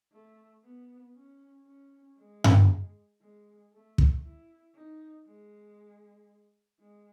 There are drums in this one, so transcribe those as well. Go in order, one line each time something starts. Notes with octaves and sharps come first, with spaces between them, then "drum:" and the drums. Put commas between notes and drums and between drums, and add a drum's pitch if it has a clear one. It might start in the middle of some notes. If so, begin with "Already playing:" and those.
A3
B3
C#4
C#4
G#3
drum: tom G2
G#3
A3
drum: kick
E4
D#4
G#3
G#3